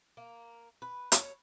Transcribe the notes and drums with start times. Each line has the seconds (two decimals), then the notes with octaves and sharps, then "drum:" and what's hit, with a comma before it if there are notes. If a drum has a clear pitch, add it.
0.17 A#3
0.82 B4
1.12 C#5, drum: hi-hat